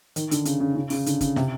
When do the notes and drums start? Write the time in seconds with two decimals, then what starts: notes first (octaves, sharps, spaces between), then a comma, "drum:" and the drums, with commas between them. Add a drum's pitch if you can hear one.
0.16 D#3, drum: hi-hat
0.31 D3, drum: hi-hat
0.45 C#3, drum: hi-hat
0.60 C#3
0.75 C#3
0.90 C#3, drum: open hi-hat
1.06 D3, drum: hi-hat
1.21 C#3, drum: kick, hi-hat
1.36 C3, drum: snare